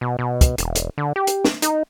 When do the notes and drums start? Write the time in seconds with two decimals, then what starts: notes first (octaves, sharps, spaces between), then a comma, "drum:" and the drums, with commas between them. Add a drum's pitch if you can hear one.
0.01 B2
0.19 B2
0.41 drum: kick, hi-hat
0.58 E1, drum: hi-hat
0.76 drum: hi-hat
0.98 D3
1.16 G4
1.27 drum: hi-hat
1.45 drum: snare
1.62 D#4, drum: hi-hat